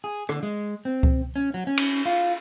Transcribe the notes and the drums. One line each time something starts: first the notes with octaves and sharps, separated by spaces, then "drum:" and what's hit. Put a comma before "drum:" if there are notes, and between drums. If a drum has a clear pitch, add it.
G#4
D3, drum: rim click
G#3
C4
drum: kick C#2
C#4
F#3
C#4
drum: cymbal
F4